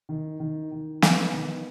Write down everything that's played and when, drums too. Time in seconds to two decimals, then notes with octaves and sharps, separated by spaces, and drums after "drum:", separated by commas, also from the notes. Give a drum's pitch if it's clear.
0.09 D#3
0.40 D#3
0.72 D#3
1.02 B3, drum: snare
1.33 D#3